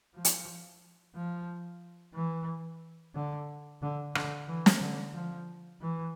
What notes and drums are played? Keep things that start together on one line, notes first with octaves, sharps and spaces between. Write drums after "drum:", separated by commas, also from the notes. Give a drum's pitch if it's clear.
F3
drum: hi-hat
F3
E3
D3
D3
D3, drum: rim click
E3
drum: snare
D3
F3
E3